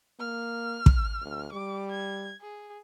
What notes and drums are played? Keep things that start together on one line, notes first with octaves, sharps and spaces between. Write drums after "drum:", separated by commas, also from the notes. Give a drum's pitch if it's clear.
A#3 F6
drum: kick
D2
G3 D6
G#6
G#4